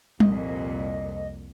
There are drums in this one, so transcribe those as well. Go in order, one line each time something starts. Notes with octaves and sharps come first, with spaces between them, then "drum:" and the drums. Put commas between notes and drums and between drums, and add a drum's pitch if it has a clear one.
C2 F2 A#2 D#5, drum: tom G3